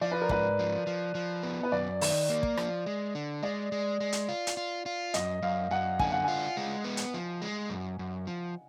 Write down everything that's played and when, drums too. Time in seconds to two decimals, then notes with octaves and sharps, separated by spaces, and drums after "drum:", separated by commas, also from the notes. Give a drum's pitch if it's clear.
0.01 F3 D5
0.12 B4
0.22 A#4
0.29 G#2 B4, drum: kick
0.59 F3
0.87 F3
1.15 F3
1.43 B3
1.63 B4
1.72 F#2 D5
2.01 D#3, drum: open hi-hat
2.29 A#3
2.43 drum: kick
2.57 F3, drum: rim click
2.86 G#3
3.15 D3
3.43 G#3 D5
3.72 G#3
4.00 G#3
4.12 drum: hi-hat
4.29 F4
4.47 drum: hi-hat
4.57 F4
4.86 F4
5.14 F#2 D#5, drum: hi-hat
5.42 F#2 F5
5.71 F#2 F#5
5.99 D3 G#5, drum: kick
6.12 F#5
6.24 F4 G#5
6.57 G#3
6.84 B3
6.97 drum: hi-hat
7.14 F3
7.42 G#3
7.70 F#2
7.99 F#2
8.27 F3